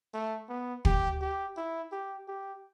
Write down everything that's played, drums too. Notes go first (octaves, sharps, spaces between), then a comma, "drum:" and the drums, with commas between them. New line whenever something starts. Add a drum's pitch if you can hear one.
A3
B3
G4, drum: kick
G4
E4
G4
G4